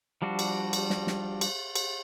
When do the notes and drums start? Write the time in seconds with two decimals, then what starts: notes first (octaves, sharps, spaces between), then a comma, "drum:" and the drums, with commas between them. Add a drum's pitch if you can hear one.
0.22 F3 G3 D4 F#4
0.39 drum: cymbal
0.73 drum: cymbal
0.90 drum: snare
1.07 drum: snare
1.41 drum: cymbal
1.76 drum: cymbal